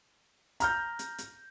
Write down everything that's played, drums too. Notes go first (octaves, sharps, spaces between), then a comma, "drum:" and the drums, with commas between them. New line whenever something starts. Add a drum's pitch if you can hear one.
A#5 F6 G6, drum: hi-hat
drum: hi-hat
drum: hi-hat